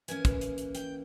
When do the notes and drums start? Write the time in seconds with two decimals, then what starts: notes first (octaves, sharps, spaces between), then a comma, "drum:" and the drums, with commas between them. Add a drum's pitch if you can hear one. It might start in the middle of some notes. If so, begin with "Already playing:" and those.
0.08 E3 A#3 C#4 G#5, drum: hi-hat
0.25 drum: kick, hi-hat
0.41 drum: hi-hat
0.58 drum: hi-hat
0.75 G5, drum: hi-hat